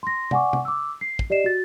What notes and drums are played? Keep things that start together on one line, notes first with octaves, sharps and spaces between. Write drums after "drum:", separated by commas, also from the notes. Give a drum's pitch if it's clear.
C6 A#6
D5 F#5 G#5 C#6 D6, drum: tom
drum: tom
D6 E6
C7
drum: kick
G4 D5 D#5 C7 E7
F#4 A6